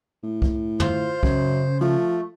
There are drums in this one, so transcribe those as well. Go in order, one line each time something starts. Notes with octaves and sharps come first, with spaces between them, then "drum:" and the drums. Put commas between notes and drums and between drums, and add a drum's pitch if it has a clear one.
A2
drum: kick C2
F4 C5, drum: tom
F#2 C#3, drum: kick C2
F3 A3